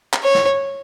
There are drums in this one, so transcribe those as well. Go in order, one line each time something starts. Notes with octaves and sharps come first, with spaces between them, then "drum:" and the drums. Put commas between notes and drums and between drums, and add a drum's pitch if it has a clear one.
drum: clap
C#5
drum: snare